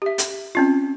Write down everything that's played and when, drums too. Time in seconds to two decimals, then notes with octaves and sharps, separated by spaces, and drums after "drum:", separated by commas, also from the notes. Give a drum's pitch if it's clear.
0.02 G4 E5
0.18 drum: hi-hat
0.55 C4 C#4 F4